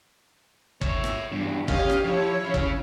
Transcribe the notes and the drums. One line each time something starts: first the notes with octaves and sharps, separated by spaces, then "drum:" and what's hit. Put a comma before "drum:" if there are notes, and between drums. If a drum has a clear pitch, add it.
C#5 E5, drum: kick
drum: rim click
E2 G2
C#4 G4 D#5 F5, drum: kick
drum: rim click
F3 E4 C#5
C#4 F5
drum: kick